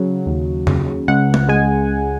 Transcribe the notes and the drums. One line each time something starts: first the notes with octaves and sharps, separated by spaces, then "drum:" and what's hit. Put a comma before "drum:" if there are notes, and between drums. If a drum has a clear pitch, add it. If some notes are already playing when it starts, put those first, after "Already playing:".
Already playing: C#3 F#3
D#2
C#3, drum: tom F2
C#2 F#5
drum: tom
G#3 G#5